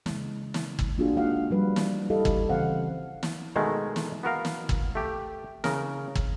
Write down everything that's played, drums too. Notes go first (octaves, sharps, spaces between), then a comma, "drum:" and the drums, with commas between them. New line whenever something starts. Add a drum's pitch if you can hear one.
C#3 G#3, drum: snare
drum: snare
drum: kick
A#3 D4 F4 F#4 G#4
G#3 A#3 D#4 F#4 F5 F#5
F3 G3 B4
drum: snare
E4 G4 A4 D#5 F5
drum: kick
C#3 E3 C4 C5 F5 F#5
drum: snare
B2 D#3 G#3 A3
drum: snare
B3 F#4 A#4 F5
drum: snare
drum: kick
A3 G4
C#3 A#4, drum: snare
drum: kick